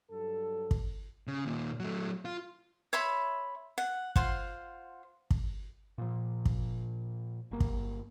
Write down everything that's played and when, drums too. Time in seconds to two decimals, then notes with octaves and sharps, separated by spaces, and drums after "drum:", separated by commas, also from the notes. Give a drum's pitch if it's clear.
0.11 G2 F#3 A4
0.71 drum: kick
1.27 C#3
1.46 D#2 A#2
1.80 F#3 A3
2.25 F4
2.93 C#5 E5 B5 C6
3.78 F#5
4.16 F4 C5 F#5, drum: kick
5.31 drum: kick
5.98 A#2 F3
6.45 drum: kick
7.51 G1 A#3
7.60 drum: kick